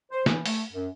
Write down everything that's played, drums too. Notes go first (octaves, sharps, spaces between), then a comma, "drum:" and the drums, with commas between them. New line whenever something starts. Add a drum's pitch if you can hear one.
C5
E3, drum: snare
A3, drum: open hi-hat
F#2